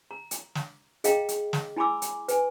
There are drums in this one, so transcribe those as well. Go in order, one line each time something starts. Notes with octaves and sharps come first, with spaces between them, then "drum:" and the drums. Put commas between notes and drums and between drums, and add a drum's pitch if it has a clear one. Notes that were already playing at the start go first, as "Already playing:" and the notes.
A#5
drum: hi-hat
drum: snare
G#4 D#5 F5 G5 A#5, drum: hi-hat
drum: hi-hat
drum: snare
E4 G#5 B5 C6 D6 E6
drum: hi-hat
B4 G#5, drum: hi-hat